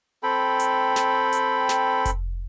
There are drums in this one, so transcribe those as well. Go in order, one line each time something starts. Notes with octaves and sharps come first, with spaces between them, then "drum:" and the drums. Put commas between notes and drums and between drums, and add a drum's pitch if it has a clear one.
C4 A4 G5 B5
drum: hi-hat
drum: snare
drum: hi-hat
drum: snare
drum: kick F1, hi-hat